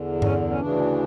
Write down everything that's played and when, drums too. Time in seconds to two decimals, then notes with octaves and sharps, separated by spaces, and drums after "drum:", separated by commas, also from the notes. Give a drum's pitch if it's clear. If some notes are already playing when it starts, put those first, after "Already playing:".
Already playing: E2 D3
0.22 C#4, drum: tom G2
0.49 C#4
0.59 D2 C#3 E3 D4